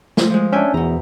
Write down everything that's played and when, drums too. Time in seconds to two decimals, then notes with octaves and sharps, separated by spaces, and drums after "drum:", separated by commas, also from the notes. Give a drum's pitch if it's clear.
0.17 F3 A3, drum: snare
0.30 F3 G#3
0.52 C#4 D4 E5 G5 G#5
0.74 E2 B2 A#5